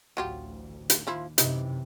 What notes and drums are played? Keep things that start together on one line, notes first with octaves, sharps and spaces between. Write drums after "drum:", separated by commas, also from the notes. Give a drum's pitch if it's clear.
A1 D2 F#3 F4 G4
drum: hi-hat
D#2 F3 E4 F4
F#2 C3 E3 D#4 E5, drum: hi-hat